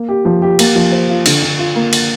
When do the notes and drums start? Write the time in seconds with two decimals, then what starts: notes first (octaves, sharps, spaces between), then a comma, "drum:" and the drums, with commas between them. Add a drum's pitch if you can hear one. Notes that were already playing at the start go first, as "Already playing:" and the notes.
Already playing: A#3
0.09 G4
0.25 F3
0.42 G4
0.59 A#3, drum: cymbal
0.76 F3
0.92 C5
1.09 F4
1.26 D3, drum: cymbal
1.43 D3
1.59 F4
1.76 A#3
1.93 drum: cymbal